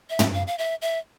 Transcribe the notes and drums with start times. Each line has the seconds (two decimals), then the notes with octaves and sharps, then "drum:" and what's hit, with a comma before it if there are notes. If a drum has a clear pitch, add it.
0.10 E5
0.19 drum: tom
0.34 F5
0.47 F5
0.58 E5
0.82 E5